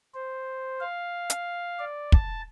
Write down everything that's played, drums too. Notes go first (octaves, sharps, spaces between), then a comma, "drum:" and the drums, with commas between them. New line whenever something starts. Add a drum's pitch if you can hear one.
C5
F5
drum: hi-hat
D5
A5, drum: kick